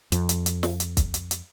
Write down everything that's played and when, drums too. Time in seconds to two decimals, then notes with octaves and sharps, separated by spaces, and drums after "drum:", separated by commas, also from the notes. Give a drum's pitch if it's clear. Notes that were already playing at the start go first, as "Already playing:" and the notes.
0.12 F2, drum: hi-hat
0.29 drum: hi-hat
0.46 drum: hi-hat
0.63 drum: snare
0.80 drum: hi-hat
0.97 drum: kick, hi-hat
1.14 drum: hi-hat
1.31 drum: hi-hat